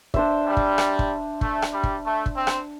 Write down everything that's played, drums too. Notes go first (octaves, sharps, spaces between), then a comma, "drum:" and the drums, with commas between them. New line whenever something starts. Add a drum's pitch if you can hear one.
D4 C5 E5, drum: kick
G3
drum: kick
drum: rim click
drum: kick
A3, drum: kick
drum: rim click
G3
drum: kick
A3
drum: kick
C4
drum: rim click